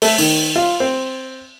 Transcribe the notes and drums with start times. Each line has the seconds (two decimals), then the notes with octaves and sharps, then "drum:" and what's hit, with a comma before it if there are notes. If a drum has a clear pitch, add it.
0.02 A3, drum: open hi-hat
0.18 D#3, drum: open hi-hat
0.56 F4
0.80 C4